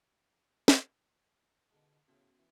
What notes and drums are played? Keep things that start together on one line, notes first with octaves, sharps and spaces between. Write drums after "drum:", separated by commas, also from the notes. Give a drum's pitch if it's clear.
drum: snare
G#2 B2 D3
A2 C#3 B3 C#4 F#4
E3